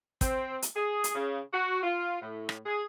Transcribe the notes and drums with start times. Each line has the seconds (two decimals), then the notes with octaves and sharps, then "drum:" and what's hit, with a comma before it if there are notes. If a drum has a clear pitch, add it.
0.21 C4, drum: kick, hi-hat
0.62 drum: hi-hat
0.76 G#4
1.04 drum: hi-hat
1.15 C#3
1.53 F#4
1.83 F4
2.21 A2
2.49 drum: rim click
2.66 G#4